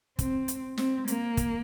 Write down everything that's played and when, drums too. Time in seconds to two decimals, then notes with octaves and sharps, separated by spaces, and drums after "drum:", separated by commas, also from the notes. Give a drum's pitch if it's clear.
0.19 C4, drum: kick, hi-hat
0.48 drum: hi-hat
0.78 C4, drum: snare
1.08 A#3, drum: hi-hat
1.37 drum: kick, hi-hat